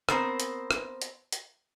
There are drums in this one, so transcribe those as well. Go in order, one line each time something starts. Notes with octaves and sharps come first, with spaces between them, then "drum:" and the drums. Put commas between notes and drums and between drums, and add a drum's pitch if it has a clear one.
B3 C4 A#4 C5, drum: rim click
drum: hi-hat
drum: rim click
drum: hi-hat
drum: hi-hat